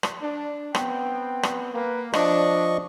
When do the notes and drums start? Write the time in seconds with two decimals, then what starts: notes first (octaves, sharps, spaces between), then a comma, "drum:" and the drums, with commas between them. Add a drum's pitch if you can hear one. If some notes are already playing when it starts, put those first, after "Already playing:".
0.03 drum: rim click
0.22 D4
0.75 B3 C4 G5, drum: rim click
1.43 drum: rim click
1.74 A#3 B4
2.13 F3 D4 D5 D#5 C#6, drum: rim click